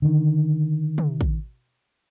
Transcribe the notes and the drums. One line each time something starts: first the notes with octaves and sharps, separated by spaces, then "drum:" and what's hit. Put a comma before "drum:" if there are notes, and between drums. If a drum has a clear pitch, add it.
D3 D#3
drum: tom
drum: kick